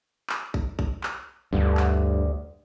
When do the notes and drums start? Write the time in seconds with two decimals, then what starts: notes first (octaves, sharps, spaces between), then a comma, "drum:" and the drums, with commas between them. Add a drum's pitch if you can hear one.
0.29 drum: clap
0.54 drum: kick
0.79 drum: kick
1.03 drum: clap
1.53 D2 G2 D3
1.77 drum: clap